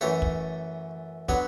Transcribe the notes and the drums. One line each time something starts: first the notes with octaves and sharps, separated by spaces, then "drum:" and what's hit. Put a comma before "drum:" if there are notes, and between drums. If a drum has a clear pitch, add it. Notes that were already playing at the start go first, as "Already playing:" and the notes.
F#2 E3 A3 C#5
drum: kick
D3 F#3 B3 C#5, drum: kick